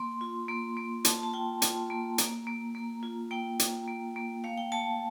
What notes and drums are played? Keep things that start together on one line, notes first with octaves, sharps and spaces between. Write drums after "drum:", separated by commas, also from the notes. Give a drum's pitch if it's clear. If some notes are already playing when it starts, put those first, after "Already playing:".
Already playing: A#3 C6
F4
A#3
A#3
F4 A5, drum: hi-hat
A5
F4 G5
F4, drum: hi-hat
A#3
A#3 A#5, drum: hi-hat
A#3
A#3
F4
A#3 G5
F4, drum: hi-hat
A#3
A#3
A3 F5
G5
A3 A5